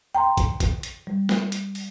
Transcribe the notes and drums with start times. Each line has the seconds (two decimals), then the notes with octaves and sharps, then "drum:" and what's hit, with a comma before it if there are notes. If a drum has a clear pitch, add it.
0.15 G5 A#5 C6
0.37 drum: kick, hi-hat
0.60 drum: kick, hi-hat
0.83 drum: hi-hat
1.07 G3
1.29 drum: snare
1.52 drum: hi-hat
1.75 drum: open hi-hat